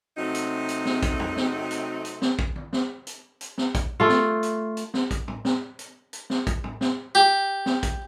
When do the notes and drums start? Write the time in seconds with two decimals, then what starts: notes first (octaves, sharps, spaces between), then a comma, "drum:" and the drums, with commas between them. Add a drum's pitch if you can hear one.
0.18 C3 F#3 A3 C4 D#4 F#4
0.35 drum: hi-hat
0.69 drum: hi-hat
0.86 drum: snare
1.03 drum: kick, hi-hat
1.20 drum: tom
1.37 drum: snare
1.71 drum: hi-hat
2.05 drum: hi-hat
2.22 drum: snare
2.39 drum: kick
2.56 drum: tom D#3
2.73 drum: snare
3.07 drum: hi-hat
3.41 drum: hi-hat
3.58 drum: snare
3.75 drum: kick, hi-hat
4.00 A3 F4
4.09 drum: snare
4.43 drum: hi-hat
4.77 drum: hi-hat
4.94 drum: snare
5.11 drum: kick, hi-hat
5.28 drum: tom
5.45 drum: snare
5.79 drum: hi-hat
6.13 drum: hi-hat
6.30 drum: snare
6.47 drum: kick, hi-hat
6.64 drum: tom
6.81 drum: snare
7.15 G4
7.66 drum: snare
7.83 drum: kick, hi-hat